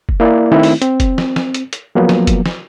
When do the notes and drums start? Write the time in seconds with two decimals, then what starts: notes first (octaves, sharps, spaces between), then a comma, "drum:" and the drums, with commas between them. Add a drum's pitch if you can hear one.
0.09 drum: kick F1
0.20 A#3 E4 D5
0.52 D#3 A3 C4 D#4 E4
0.63 drum: open hi-hat
0.82 C4, drum: hi-hat
1.00 drum: kick F1, hi-hat
1.18 drum: snare
1.36 drum: snare
1.54 drum: hi-hat
1.73 drum: hi-hat
1.95 F3 F#3 A#3 B3
2.09 drum: snare
2.27 drum: kick F1, hi-hat
2.46 drum: snare